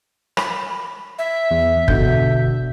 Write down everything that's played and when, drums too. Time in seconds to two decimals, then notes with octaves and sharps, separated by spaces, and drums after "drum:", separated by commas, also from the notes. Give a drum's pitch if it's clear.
0.37 B5, drum: rim click
1.19 E5
1.51 E2
1.88 B2 D3 G6, drum: kick